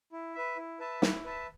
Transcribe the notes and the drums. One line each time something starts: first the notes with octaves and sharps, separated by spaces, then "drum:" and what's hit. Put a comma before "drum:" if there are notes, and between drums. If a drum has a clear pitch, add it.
E4
B4 E5
E4
B4 E5 A5
E4, drum: snare
B4 E5 A5